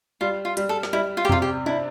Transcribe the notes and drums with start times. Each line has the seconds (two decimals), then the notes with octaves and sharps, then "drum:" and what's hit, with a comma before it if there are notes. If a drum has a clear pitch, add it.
0.21 G3 F4
0.45 F4
0.57 G3, drum: hi-hat
0.69 A4
0.83 drum: snare
0.93 G3 E4
1.17 F4
1.25 G4
1.29 C3 F4, drum: tom E2
1.42 G4
1.66 D4 E4